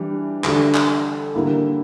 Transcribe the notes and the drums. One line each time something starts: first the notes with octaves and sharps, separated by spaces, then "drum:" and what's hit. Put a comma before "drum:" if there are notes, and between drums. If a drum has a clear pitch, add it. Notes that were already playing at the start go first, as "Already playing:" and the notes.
Already playing: E3 G3 D4 G4
D3 G3 D4 A4, drum: clap
drum: clap
D3 G3 A#3 E4 A#4